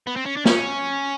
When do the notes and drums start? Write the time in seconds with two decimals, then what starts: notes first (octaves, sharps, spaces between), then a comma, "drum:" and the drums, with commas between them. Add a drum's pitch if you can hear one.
0.07 B3
0.16 C4
0.26 C#4
0.37 D4
0.45 C#4, drum: snare